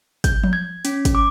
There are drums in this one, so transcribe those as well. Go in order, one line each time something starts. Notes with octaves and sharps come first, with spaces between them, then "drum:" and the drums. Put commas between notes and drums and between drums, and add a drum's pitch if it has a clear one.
G6, drum: kick, hi-hat
drum: tom F3
G#6
C#4, drum: hi-hat
drum: kick, hi-hat
D6